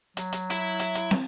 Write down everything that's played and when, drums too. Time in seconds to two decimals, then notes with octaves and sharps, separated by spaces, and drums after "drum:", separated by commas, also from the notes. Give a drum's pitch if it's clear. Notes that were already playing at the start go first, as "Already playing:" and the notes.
0.17 F#3, drum: hi-hat
0.33 drum: hi-hat
0.50 E4, drum: hi-hat
0.80 drum: hi-hat
0.95 drum: hi-hat
1.11 drum: snare